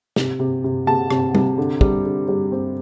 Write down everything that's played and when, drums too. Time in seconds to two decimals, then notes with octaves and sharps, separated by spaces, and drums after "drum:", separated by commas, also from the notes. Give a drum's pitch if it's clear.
0.16 C3, drum: snare
0.39 C3
0.64 C3
0.87 C3 A5
1.10 C3, drum: rim click
1.35 C3, drum: tom
1.58 D3
1.81 G3, drum: kick
2.05 D3
2.28 G3
2.52 C4